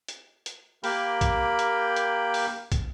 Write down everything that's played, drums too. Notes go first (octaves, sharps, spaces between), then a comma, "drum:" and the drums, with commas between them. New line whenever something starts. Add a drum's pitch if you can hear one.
drum: hi-hat
drum: hi-hat
A#3 G4 A#4 G5 B5, drum: open hi-hat
drum: kick, hi-hat
drum: hi-hat
drum: hi-hat
drum: open hi-hat
drum: kick, hi-hat